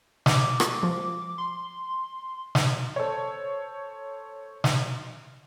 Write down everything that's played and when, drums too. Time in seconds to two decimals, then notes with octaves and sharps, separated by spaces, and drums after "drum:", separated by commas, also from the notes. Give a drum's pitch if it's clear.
0.26 D6, drum: snare
0.60 drum: rim click
0.83 F3
1.38 C6
2.55 drum: snare
2.96 A4 C5 C#5
4.64 drum: snare